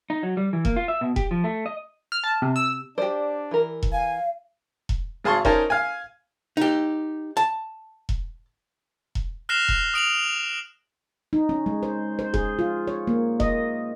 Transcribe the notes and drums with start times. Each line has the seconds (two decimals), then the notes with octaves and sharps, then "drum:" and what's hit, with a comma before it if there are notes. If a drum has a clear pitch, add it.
0.10 D#4
0.23 F#3
0.37 G3
0.53 E3
0.65 A#3, drum: kick E1
0.76 F4
0.88 E5
1.01 B2
1.16 G4, drum: kick E1
1.31 F3
1.44 A3
1.66 D#5
2.12 F6
2.24 A5
2.42 C3
2.56 E6
2.98 D4 G4 C5 D5
3.51 E3 A#4
3.83 drum: kick E1
3.93 F5 G#5
4.89 drum: kick E1
5.24 G#1 G#4 F5 A5 C6 C#6
5.45 C#4 D#4 A#4 C5 G#5 A5, drum: kick E1
5.70 F5 G#5
6.57 D#4 G4
7.37 A5
8.09 drum: kick E1
9.15 drum: kick E1
9.49 F6 F#6 A#6 C7 E7 F7
9.69 drum: kick E1
9.94 D#6 D7 F7 F#7
11.33 D#4
11.49 C#4
11.66 G#3
11.83 C5
12.19 C5
12.34 G#4, drum: kick E1
12.59 F4
12.88 C#5
13.07 A#3
13.40 D#5, drum: kick E1